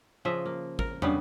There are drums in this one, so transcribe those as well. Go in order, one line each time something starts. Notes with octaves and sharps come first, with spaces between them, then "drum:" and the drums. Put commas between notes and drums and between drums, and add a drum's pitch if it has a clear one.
C#3 F3 D#5 E5
A#3
A#4, drum: kick
G2 C#3 G3 B3, drum: tom